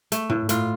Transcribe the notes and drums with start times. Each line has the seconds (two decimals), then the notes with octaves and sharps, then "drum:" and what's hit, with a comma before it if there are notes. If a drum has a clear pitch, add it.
0.12 A3, drum: hi-hat
0.30 A2, drum: tom
0.49 A2 F4, drum: hi-hat